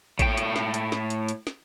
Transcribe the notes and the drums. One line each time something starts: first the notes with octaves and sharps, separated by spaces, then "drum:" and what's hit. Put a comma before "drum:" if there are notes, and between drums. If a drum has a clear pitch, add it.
A2 G5, drum: kick A1, hi-hat
drum: hi-hat
drum: snare
drum: hi-hat
drum: snare
drum: hi-hat
drum: hi-hat
drum: snare